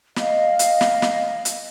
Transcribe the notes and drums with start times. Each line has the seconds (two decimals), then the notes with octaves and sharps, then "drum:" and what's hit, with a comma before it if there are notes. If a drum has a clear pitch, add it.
0.16 D#5 F5, drum: snare
0.59 drum: hi-hat
0.81 drum: snare
1.02 drum: snare
1.45 drum: hi-hat